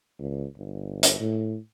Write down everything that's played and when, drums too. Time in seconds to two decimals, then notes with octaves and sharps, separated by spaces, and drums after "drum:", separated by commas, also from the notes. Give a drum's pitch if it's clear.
0.19 C#2
0.58 G1
1.03 drum: hi-hat
1.20 A2